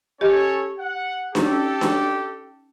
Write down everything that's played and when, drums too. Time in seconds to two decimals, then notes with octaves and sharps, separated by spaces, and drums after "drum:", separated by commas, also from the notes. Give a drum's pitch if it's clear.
0.21 C#4 G4 A4 C#5 D#5
0.79 F#5
1.35 C#4 D#4 G4 A4, drum: snare D4
1.81 drum: snare D4